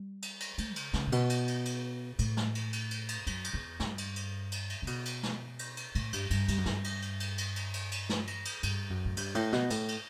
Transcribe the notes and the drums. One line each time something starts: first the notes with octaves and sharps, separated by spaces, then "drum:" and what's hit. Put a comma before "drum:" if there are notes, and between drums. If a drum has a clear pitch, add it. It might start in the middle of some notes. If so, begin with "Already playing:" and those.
Already playing: G3
drum: cymbal
drum: cymbal
A3, drum: cymbal
C#3, drum: cymbal
C#3, drum: snare
A2
B2, drum: cymbal
drum: cymbal
drum: cymbal
drum: cymbal
A2, drum: cymbal
drum: snare
drum: cymbal
drum: cymbal
drum: cymbal
drum: cymbal
F#2, drum: cymbal
drum: cymbal
E2
G2, drum: snare
drum: cymbal
drum: cymbal
drum: cymbal
drum: cymbal
C#3
B2, drum: cymbal
drum: cymbal
drum: snare
drum: cymbal
drum: cymbal
A2, drum: cymbal
G2, drum: cymbal
G2, drum: cymbal
G2, drum: cymbal
F#2
G2, drum: snare
drum: cymbal
drum: cymbal
drum: cymbal
drum: cymbal
drum: cymbal
drum: cymbal
drum: cymbal
drum: snare
drum: cymbal
drum: cymbal
G2, drum: cymbal
F#2
A2
G2, drum: cymbal
A2, drum: cymbal
B2, drum: snare
A2, drum: cymbal
drum: cymbal